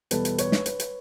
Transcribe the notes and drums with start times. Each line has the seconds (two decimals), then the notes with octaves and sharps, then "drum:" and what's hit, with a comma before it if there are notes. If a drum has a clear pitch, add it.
0.11 E2 B2 G3 A4 B4, drum: hi-hat
0.25 drum: hi-hat
0.38 B4 C#5, drum: hi-hat
0.52 drum: snare
0.66 B4 C#5, drum: hi-hat
0.80 drum: hi-hat